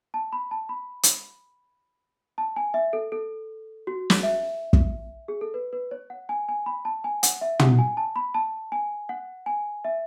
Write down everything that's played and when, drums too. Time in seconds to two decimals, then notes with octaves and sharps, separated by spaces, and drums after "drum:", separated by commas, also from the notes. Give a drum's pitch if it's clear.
0.14 A5
0.33 B5
0.51 A5
0.69 B5
1.03 drum: hi-hat
2.38 A5
2.56 G#5
2.74 E5
2.93 A4
3.12 A4
3.87 F#4
4.10 drum: snare
4.23 E5
4.73 drum: kick
5.28 G#4
5.41 A4
5.54 B4
5.73 B4
5.91 C#5
6.10 F#5
6.29 G#5
6.49 G#5
6.66 B5
6.85 A5
7.04 G#5
7.23 F#5, drum: hi-hat
7.41 E5
7.59 F#5, drum: tom
7.79 G#5
7.97 A5
8.16 B5
8.34 A5
8.72 G#5
9.09 F#5
9.46 G#5
9.85 E5